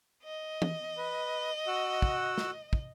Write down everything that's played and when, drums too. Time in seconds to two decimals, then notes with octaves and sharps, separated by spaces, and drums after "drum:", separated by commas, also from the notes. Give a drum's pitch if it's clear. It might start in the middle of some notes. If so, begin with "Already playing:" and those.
0.23 D#5
0.62 drum: tom E3
0.98 B4
1.67 F#4 F#5 E6
2.02 drum: kick
2.38 drum: snare
2.73 drum: kick